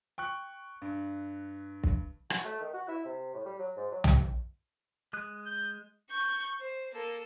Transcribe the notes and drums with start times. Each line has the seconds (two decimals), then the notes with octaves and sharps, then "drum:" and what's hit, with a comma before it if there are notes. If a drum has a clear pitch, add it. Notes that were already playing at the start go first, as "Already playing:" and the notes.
0.18 G5 C#6 F#6
0.82 G2
1.83 drum: kick
2.30 F#4, drum: rim click
2.45 A3
2.60 D#3
2.74 F#4
2.88 E4
3.05 C3
3.34 A2
3.45 G3
3.59 F#3
3.77 G#2
3.92 F#3
4.04 G4, drum: tom
5.13 G#3 D#6 F#6
5.46 G6
6.10 C#6 G6
6.60 C5
6.94 A#3 A4